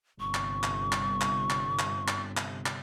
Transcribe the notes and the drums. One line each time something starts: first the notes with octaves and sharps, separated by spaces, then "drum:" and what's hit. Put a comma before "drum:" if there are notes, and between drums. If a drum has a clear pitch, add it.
G1 C3 C#6
drum: clap
drum: clap
drum: clap
drum: clap
drum: clap
drum: clap
drum: clap
drum: clap
drum: clap